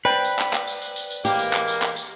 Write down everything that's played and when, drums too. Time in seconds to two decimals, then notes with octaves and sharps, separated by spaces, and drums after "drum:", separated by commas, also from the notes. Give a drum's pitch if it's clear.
0.05 B4 C5 D5 G5
0.24 drum: tambourine
0.39 drum: clap
0.53 drum: clap
0.67 drum: tambourine
0.82 drum: tambourine
0.96 drum: tambourine
1.10 drum: tambourine
1.25 E3 G#3 A#3 G4, drum: tambourine
1.39 drum: tambourine
1.53 drum: clap
1.68 drum: tambourine
1.82 drum: clap
1.96 drum: tambourine